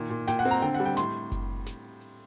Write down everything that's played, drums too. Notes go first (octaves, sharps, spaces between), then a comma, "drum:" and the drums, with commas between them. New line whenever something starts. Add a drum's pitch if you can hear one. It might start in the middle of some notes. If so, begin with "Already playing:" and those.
Already playing: A#2 D#3
A#2
A#2 G5, drum: snare
F#5
C4
A#5
D3 G5, drum: open hi-hat
F#5
G3
G5
A2 C6, drum: snare
drum: kick F#1, hi-hat
drum: snare
drum: open hi-hat